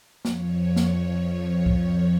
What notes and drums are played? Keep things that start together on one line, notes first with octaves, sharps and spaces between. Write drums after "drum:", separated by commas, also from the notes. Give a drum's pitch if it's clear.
F2 F3 C#5, drum: snare
drum: snare
drum: kick C2